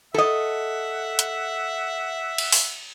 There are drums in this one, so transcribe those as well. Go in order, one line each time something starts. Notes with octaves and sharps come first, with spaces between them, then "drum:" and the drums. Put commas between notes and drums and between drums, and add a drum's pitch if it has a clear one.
A4 D#5 E5 F#5
drum: hi-hat
drum: cymbal
drum: open hi-hat